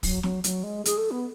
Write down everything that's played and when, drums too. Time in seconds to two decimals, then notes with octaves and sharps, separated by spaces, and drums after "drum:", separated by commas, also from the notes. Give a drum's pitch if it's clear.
0.03 F#3, drum: kick, open hi-hat
0.23 F#3, drum: snare
0.44 F#3, drum: hi-hat
0.63 G#3
0.85 G#4, drum: hi-hat
0.98 A4
1.11 B3